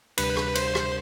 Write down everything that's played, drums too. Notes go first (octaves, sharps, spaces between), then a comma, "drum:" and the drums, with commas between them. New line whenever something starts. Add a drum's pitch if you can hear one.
D2 C3 G3 D4 G4 B4, drum: cymbal
drum: rim click
C5, drum: cymbal
drum: rim click